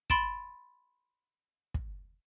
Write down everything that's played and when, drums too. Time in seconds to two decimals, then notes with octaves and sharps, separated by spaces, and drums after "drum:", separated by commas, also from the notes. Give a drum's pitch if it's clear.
0.10 B5 C6 A6 D7 E7, drum: kick
1.74 drum: kick